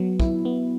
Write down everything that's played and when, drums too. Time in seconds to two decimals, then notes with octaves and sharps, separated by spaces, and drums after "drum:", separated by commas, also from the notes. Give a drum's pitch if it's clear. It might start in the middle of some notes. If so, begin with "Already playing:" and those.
Already playing: F#3 B3
0.20 E4, drum: kick
0.45 B3